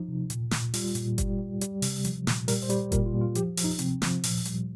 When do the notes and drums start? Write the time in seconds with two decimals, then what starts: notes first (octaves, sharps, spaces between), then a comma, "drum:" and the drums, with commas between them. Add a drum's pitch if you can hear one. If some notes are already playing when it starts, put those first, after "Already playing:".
Already playing: F3 D#4
0.08 C3
0.30 A#2, drum: hi-hat
0.51 A#2, drum: snare
0.74 G3 F4, drum: open hi-hat
0.95 A#2, drum: hi-hat
1.18 G3, drum: kick G1, hi-hat
1.39 G3
1.61 G3, drum: hi-hat
1.82 C3, drum: open hi-hat
2.05 F3, drum: hi-hat
2.27 A#2, drum: snare
2.48 G3 A#4, drum: open hi-hat
2.63 C5
2.70 G3, drum: hi-hat
2.92 A#2 A#4, drum: kick G1, hi-hat
3.06 F4
3.14 A#2
3.21 F4
3.35 F3 G4, drum: hi-hat
3.57 F3, drum: open hi-hat
3.64 D#4
3.79 C3 C4, drum: hi-hat
4.02 F3, drum: snare
4.24 A#2, drum: open hi-hat
4.45 G3, drum: hi-hat